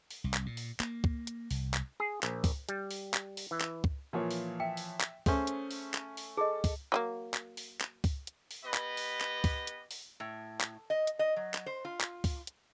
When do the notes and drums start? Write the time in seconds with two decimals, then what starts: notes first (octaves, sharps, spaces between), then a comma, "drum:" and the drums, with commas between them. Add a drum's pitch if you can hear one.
0.11 drum: open hi-hat
0.24 C2
0.34 drum: clap
0.46 A#2
0.57 drum: open hi-hat
0.80 A#3, drum: clap
1.04 drum: kick C#2
1.27 drum: hi-hat
1.51 C2, drum: open hi-hat
1.74 drum: clap
2.00 G#4
2.23 A#1, drum: clap
2.44 drum: kick C#2, open hi-hat
2.69 G3, drum: hi-hat
2.91 drum: open hi-hat
3.14 drum: clap
3.37 drum: open hi-hat
3.51 E3
3.61 drum: clap
3.84 drum: kick C#2
4.13 A#2 E3 F3 A#3 C#5
4.31 drum: open hi-hat
4.60 E5 G5
4.77 drum: open hi-hat
5.01 drum: clap
5.26 A3 C#4 G#4 C5, drum: kick C#2, open hi-hat
5.47 drum: hi-hat
5.71 drum: open hi-hat
5.94 drum: clap
6.17 drum: open hi-hat
6.37 G#4 A4 D#5
6.64 drum: kick C#2, open hi-hat
6.92 F#3 A3 A#3
7.34 drum: clap
7.57 drum: open hi-hat
7.81 drum: clap
8.04 drum: kick C#2, open hi-hat
8.27 drum: hi-hat
8.51 drum: open hi-hat
8.63 B3 G4 B4 D#5
8.74 drum: clap
8.97 drum: open hi-hat
9.21 drum: clap
9.44 drum: kick C#2, open hi-hat
9.67 drum: hi-hat
9.91 drum: open hi-hat
10.20 A2
10.61 drum: clap
10.90 D#5
11.07 drum: hi-hat
11.19 D#5
11.36 F#3
11.54 drum: clap
11.66 C5
11.85 F4
12.01 drum: clap
12.24 drum: kick C#2, open hi-hat
12.47 drum: hi-hat